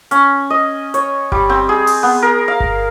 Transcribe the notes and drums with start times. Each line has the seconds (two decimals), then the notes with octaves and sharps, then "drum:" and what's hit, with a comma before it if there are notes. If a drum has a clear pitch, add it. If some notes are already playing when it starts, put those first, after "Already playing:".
0.11 C#4, drum: hi-hat
0.50 D#5
0.94 C#5, drum: hi-hat
1.32 G3, drum: kick G1
1.49 C4
1.69 G#4
1.87 drum: open hi-hat
2.03 B3
2.22 A#4
2.48 F5
2.60 drum: kick G1